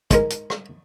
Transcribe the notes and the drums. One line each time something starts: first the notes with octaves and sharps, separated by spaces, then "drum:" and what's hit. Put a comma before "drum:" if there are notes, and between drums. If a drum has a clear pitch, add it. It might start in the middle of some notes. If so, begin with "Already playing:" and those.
G#2 G#3 A#4, drum: kick, hi-hat
drum: hi-hat
drum: rim click